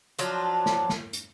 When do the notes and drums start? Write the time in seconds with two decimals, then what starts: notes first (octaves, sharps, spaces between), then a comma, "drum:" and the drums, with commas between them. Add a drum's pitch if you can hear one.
0.19 F3 F#3 D4 F4, drum: hi-hat
0.66 drum: snare
0.89 drum: snare
1.13 drum: hi-hat